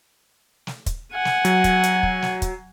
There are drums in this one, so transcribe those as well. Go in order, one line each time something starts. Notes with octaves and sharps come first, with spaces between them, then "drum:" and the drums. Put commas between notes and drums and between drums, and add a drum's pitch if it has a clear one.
drum: snare
drum: kick, hi-hat
F#5 G#5
drum: snare
F#3, drum: hi-hat
drum: kick, hi-hat
drum: hi-hat
drum: kick
drum: snare
drum: kick, hi-hat